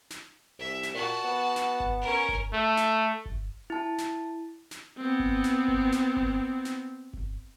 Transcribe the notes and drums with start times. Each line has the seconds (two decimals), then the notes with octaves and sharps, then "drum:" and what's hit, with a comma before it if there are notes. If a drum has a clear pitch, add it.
0.10 drum: snare
0.59 C2 E5
0.83 drum: snare
0.95 A#2 F#4 A5
1.24 B3
1.56 drum: snare
1.80 drum: kick G1
2.01 C#4 A#4
2.29 drum: kick G1
2.53 A3
2.77 drum: snare
3.26 drum: kick G1
3.70 E4 A5
3.98 drum: snare
4.71 drum: snare
4.97 B3 C4
5.20 drum: kick G1
5.44 drum: snare
5.68 drum: kick G1
5.92 drum: snare
6.17 drum: kick G1
6.65 drum: snare
7.13 drum: kick G1